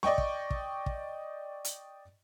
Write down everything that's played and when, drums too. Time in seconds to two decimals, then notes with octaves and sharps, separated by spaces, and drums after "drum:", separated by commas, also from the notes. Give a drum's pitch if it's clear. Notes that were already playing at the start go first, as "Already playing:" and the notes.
0.03 D5 D#5 G5 C#6, drum: snare
0.18 drum: kick
0.50 drum: kick
0.86 drum: kick
1.65 drum: hi-hat